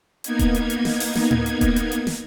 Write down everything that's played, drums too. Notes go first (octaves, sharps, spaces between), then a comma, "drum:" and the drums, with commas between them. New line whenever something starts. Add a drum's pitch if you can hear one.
A#3 B3 D#4 G#6, drum: hi-hat
drum: kick D#1, hi-hat
drum: hi-hat
drum: hi-hat
drum: snare
drum: open hi-hat
drum: snare
drum: tom A2
drum: hi-hat
drum: kick D#1, hi-hat
drum: hi-hat
drum: hi-hat
drum: snare